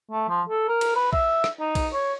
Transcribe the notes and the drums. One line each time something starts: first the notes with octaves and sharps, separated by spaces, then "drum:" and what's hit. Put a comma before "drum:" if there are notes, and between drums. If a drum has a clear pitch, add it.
A3
F3
A4
A#4
drum: cymbal
B4
E5, drum: kick
drum: rim click
D#4
drum: kick, cymbal
C#5